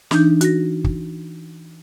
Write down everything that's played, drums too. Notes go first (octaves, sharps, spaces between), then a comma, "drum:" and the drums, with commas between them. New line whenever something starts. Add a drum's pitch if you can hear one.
E3 D4 D#4 G6, drum: snare
F#4 A#6, drum: hi-hat
drum: kick